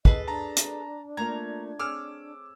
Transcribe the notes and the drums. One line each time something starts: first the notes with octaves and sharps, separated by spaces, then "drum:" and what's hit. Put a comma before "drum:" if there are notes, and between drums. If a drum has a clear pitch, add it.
G#4 A4 B4 D#5, drum: kick
D4 A5 A#5
drum: hi-hat
A3 A#3 F4 A#5 G#6
C4 G#4 C#5 D6 E6 F6